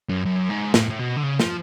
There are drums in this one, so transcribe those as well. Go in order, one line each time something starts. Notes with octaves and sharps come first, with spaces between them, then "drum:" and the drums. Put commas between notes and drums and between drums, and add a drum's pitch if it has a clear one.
F#2
F#2
G#2
A2, drum: snare
A2
B2
D3
C#3
F3, drum: snare